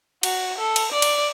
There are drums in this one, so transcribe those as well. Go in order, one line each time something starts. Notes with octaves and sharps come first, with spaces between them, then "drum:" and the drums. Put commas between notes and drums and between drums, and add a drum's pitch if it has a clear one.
F#4, drum: cymbal
A4
drum: cymbal
D5
drum: cymbal